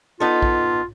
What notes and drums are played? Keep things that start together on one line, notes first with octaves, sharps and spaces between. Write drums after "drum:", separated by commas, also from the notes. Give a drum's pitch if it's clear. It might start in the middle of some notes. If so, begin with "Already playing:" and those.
B3 D#4 F4 A4
drum: kick A#1